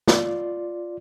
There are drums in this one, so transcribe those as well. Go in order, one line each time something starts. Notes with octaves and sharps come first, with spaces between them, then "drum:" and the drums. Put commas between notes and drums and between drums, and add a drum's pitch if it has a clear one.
F4 D5, drum: snare